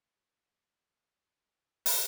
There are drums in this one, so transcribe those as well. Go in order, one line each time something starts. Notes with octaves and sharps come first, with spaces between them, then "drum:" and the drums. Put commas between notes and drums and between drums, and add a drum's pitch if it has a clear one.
F2
A#3
C3
drum: open hi-hat